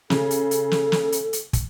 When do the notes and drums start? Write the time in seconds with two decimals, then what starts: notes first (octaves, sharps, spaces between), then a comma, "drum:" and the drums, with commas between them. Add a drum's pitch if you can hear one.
0.10 C#3 A4, drum: snare
0.31 drum: hi-hat
0.51 drum: hi-hat
0.71 drum: snare
0.92 drum: snare
1.12 drum: hi-hat
1.33 drum: hi-hat
1.53 drum: kick, hi-hat